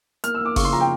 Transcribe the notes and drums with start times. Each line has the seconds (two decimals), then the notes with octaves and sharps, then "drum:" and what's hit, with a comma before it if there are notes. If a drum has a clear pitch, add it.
0.24 A#3 F6, drum: hi-hat
0.35 E6
0.40 A#3
0.45 D6
0.56 C#3 C#6, drum: kick F#1, open hi-hat
0.65 C6
0.73 F3 A#5
0.80 G5